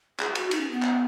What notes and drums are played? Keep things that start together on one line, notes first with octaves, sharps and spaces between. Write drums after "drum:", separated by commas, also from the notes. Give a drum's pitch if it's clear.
G#4, drum: clap
F#4, drum: cymbal
D#4, drum: cymbal
C#4
B3
drum: clap